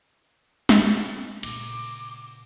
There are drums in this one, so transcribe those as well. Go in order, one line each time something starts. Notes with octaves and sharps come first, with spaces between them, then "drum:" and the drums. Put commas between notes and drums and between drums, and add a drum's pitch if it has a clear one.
drum: snare
A#2 C#3 D6, drum: cymbal